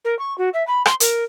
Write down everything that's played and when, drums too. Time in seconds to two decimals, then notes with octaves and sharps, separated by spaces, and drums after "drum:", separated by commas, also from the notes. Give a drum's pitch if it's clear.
0.04 A#4
0.19 C#6
0.38 F#4
0.53 E5
0.67 B5
0.86 C6, drum: rim click
1.00 A#4, drum: hi-hat